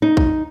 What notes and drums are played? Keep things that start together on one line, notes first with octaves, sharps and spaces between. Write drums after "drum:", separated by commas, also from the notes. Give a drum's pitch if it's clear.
D#4
drum: kick